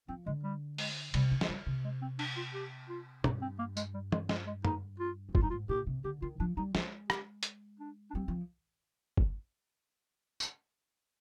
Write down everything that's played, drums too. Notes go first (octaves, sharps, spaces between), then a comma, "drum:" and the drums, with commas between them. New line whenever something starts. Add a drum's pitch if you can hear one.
F3 C4
D3 G#3
G3
G#3, drum: open hi-hat
C3 G3, drum: cymbal
D#3
G#3, drum: snare
D#3 G3
C3
G#3
C4
D4, drum: cymbal
F4
G4
F4
G2 D#4, drum: tom
C4
A#3
G#3, drum: tambourine
G3
G#3, drum: tom
G#3, drum: snare
G#3
D#4, drum: tom
F4
F2
F4, drum: kick
G2 D#4
G#2 F4
A#2 G4
C3
D3 G4
D#3 F4
F3 D4
G3 D#4
G#3 F4, drum: snare
G4, drum: rim click
drum: hi-hat
D4
D4
G3 C4
F3
drum: kick
drum: tambourine